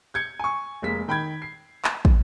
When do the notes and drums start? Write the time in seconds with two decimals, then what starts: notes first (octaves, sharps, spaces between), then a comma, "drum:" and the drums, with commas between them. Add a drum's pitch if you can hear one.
0.14 G6 G#6 C#7
0.39 G#5 C#6
0.82 F1 G#3 A#3 B6
1.08 D#3 G5 B5 G6 G#6
1.42 C7
1.84 drum: clap
2.05 drum: kick